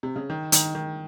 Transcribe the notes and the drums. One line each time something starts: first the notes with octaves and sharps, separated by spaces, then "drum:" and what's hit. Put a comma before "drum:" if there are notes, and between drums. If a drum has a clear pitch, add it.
C3
C#3
D#3
D#3, drum: hi-hat
D#3